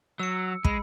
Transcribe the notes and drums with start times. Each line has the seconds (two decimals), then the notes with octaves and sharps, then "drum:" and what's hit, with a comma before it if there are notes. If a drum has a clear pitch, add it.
0.19 F#3 E6 C#7
0.65 G#3 B5, drum: kick